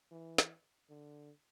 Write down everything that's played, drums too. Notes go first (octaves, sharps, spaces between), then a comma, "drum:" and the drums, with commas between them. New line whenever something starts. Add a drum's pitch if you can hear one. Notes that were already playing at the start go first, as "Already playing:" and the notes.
E3
drum: snare
D3